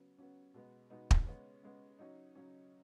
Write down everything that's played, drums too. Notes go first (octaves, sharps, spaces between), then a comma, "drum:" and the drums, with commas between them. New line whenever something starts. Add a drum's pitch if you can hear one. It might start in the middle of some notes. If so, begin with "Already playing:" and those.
Already playing: C#3 F#3 B3
C#3 F#3 B3 C#4
B2 G#3 B3
B2 G#3 B3 D#4
drum: kick
C#3 G#3 B3 C#4
C#3 G#3 B3
C#3 F#3 C#4 D#4
C#3 F#3 C#4